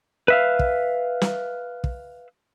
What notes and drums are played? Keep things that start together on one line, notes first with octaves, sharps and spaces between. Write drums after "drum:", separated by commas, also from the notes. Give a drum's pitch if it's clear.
B4 E5 F5
drum: kick
drum: snare
drum: kick